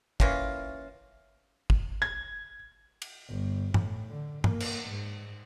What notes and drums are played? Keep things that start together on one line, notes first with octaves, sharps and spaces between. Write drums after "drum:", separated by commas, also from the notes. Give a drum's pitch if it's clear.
E3 A#3 C#4 F4, drum: kick
drum: kick
G#6
drum: cymbal
G1
A2, drum: tom
D3
A#3, drum: tom
drum: cymbal
G#2